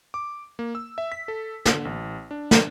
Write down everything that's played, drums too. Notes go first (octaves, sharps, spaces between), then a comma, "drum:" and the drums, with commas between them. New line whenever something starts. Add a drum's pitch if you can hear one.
D6
A#3
E6
E5
B6
A4
D3, drum: snare
A1
D4
drum: snare